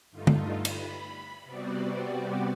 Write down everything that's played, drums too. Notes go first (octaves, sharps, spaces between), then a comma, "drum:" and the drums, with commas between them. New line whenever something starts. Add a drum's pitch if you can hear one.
G2 D3 A3 D#4 F4
drum: tom
B5, drum: cymbal
C3 G3 B3 C4 F#4 D5